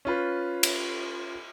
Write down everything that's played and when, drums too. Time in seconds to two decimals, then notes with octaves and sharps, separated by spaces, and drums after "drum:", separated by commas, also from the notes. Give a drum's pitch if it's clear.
0.05 C#4 F4 B4
0.63 drum: cymbal